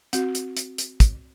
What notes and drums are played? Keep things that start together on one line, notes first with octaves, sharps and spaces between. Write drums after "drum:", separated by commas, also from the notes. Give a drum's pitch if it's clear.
C4 F#4, drum: hi-hat
drum: hi-hat
drum: hi-hat
drum: hi-hat
drum: kick, hi-hat